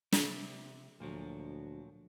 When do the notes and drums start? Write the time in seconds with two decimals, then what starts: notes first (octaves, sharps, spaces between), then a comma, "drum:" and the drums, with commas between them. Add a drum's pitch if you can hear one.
0.12 C3, drum: snare
1.00 D2 A#2 F3 F#3